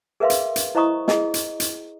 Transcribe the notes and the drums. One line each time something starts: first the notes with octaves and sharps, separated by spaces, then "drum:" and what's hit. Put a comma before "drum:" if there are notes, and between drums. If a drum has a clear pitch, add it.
G#4 A#4 B4 E5 F5 C6
drum: hi-hat
drum: hi-hat
E4 C5 D#5 A#5 C#6 D#6
G#4 D#5, drum: snare
drum: hi-hat
drum: hi-hat